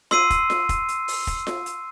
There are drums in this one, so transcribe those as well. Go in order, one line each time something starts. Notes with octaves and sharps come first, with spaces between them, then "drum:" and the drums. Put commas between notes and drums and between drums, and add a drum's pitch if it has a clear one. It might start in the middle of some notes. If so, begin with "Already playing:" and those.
C6 E6 C7 D#7, drum: snare F4
drum: kick, hi-hat
drum: snare F4
drum: kick, hi-hat
drum: hi-hat
drum: open hi-hat
drum: kick, hi-hat
drum: snare F4
drum: hi-hat